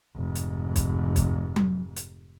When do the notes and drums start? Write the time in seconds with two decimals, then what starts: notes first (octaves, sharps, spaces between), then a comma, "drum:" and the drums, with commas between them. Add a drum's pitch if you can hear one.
0.15 F1 G#2
0.35 drum: hi-hat
0.76 drum: kick B1, hi-hat
1.16 drum: kick B1, hi-hat
1.56 drum: tom F#3
1.96 drum: hi-hat